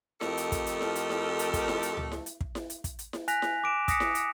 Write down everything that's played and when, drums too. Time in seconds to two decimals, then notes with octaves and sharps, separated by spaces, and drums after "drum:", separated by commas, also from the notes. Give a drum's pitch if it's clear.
0.21 F2 A3 G4 A4 A#4 D#5, drum: snare E4
0.37 drum: hi-hat
0.52 drum: kick, hi-hat
0.66 drum: hi-hat
0.81 drum: snare E4
0.95 drum: hi-hat
1.10 drum: snare E4
1.39 drum: hi-hat
1.54 drum: kick, hi-hat
1.68 drum: snare E4
1.83 drum: hi-hat
1.97 drum: tom C#2
2.12 drum: snare E4
2.26 drum: hi-hat
2.41 drum: kick
2.55 drum: snare E4
2.70 drum: hi-hat
2.84 drum: kick, hi-hat
2.99 drum: hi-hat
3.13 drum: snare E4
3.28 G#5 F#6 A#6 B6 F7, drum: hi-hat
3.42 drum: snare E4
3.64 D6 D7 E7
3.88 D#6 A#6 B6 C#7, drum: kick, hi-hat
4.00 drum: snare E4
4.15 drum: hi-hat